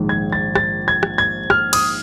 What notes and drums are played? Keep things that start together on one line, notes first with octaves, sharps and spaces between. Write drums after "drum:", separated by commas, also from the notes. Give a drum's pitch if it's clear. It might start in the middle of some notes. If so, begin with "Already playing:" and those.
Already playing: A#1 G#2 D#3 G#3
G#6
A6
A6, drum: rim click
G#6
drum: rim click
G#6
F6, drum: rim click
D#6, drum: cymbal